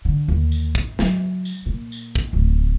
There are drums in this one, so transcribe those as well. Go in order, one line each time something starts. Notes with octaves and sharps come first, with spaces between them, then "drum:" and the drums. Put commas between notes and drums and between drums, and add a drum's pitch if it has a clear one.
D3
D#2
drum: tambourine
drum: kick
F#3, drum: snare
drum: tambourine
A#2
drum: tambourine
drum: kick
D1